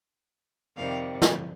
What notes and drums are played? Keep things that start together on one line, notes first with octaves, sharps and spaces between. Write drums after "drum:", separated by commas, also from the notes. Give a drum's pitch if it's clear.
F2 C3 D#3 G3 F5
drum: snare